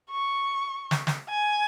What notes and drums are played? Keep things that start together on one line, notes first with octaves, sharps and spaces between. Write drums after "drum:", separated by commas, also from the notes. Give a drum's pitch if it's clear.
C#6
drum: snare
drum: snare
G#5